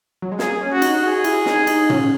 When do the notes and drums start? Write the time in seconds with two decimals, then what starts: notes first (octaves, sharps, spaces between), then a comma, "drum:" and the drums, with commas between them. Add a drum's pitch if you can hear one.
0.22 F#3
0.32 G#3
0.39 A#3 G#4, drum: snare
0.61 C#4
0.72 F#4
0.82 D#4, drum: cymbal
1.03 F#4 G#4
1.24 E4, drum: cymbal
1.46 D#4, drum: snare
1.67 D#4, drum: cymbal
1.90 C#4, drum: tom